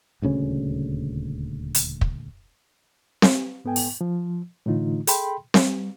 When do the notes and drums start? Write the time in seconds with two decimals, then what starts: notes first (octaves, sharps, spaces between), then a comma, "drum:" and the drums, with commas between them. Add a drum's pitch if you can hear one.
0.22 D#1 D2 C#3 C#4
1.75 drum: hi-hat
2.01 drum: kick
3.22 drum: snare C4
3.65 G#2 B3 A4 G5 G#5
3.76 drum: open hi-hat
4.01 F3
4.66 A2 D3 E3 A3 D#4 F4
5.07 G#4 A4 G5 B5 C6, drum: hi-hat
5.54 G3, drum: snare C4